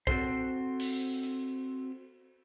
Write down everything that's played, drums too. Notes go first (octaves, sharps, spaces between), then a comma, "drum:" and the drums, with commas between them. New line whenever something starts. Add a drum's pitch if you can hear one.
C4 F#4 A4 C5, drum: kick A#1
drum: cymbal
drum: hi-hat